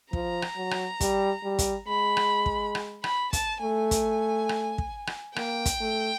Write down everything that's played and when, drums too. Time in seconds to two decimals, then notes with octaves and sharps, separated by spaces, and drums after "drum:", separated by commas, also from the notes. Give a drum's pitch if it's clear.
0.13 F3 A#5, drum: kick
0.42 drum: rim click
0.57 F#3
0.71 drum: rim click
1.00 G3, drum: kick, hi-hat
1.44 G3
1.59 drum: kick, hi-hat
1.88 G#3 B5
2.17 drum: rim click
2.46 drum: kick
2.75 drum: rim click
3.04 B5, drum: rim click
3.33 A5, drum: kick, hi-hat
3.62 A3 G#5
3.91 drum: kick, hi-hat
4.49 drum: rim click
4.78 drum: kick
5.07 drum: rim click
5.36 A#3 G5, drum: rim click
5.65 drum: kick, hi-hat
5.80 A3